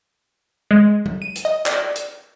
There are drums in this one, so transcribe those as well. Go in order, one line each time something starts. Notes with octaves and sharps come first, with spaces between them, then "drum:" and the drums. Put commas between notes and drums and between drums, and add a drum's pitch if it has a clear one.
G#3
drum: tom F#3
D#7
drum: hi-hat
D#5
D5, drum: clap
drum: hi-hat